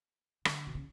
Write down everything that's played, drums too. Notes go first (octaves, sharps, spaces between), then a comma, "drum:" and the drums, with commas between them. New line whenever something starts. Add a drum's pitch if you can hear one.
D3, drum: rim click
B2
C#3